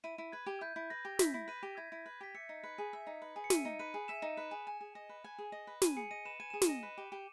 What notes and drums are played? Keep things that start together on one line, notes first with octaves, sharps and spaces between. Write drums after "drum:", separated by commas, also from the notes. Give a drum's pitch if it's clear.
E4 D#7
E4
B4 G#6
G4
E4 G6
E4
B4 A#6
G4
E4 B6, drum: snare
E4
B4 D#7
G4
E4 G#6
E4
B4
G4 B6
E5 C#7
D#4
B4
G#4
E5
D#4
B4
G#4
C#7
E5 D#7, drum: snare
D#4
B4 D#7
G#4
E5 E7
D#4
B4 E7
G#4
G#5
G#4
D#5
B4
G#5
G#4
D#5
B4
G#5 D#7, drum: snare
G#4 C#7
D#5 D#7
B4 E7
G#5 D#7
G#4 E7
D#7, drum: snare
D#5
B4
G4
G4